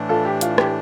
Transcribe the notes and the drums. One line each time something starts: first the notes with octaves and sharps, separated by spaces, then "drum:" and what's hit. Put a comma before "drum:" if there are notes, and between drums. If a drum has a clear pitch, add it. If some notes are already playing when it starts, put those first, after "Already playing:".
Already playing: A2 E3 A3 D4
F4 A4
G4
F4, drum: hi-hat
G4, drum: rim click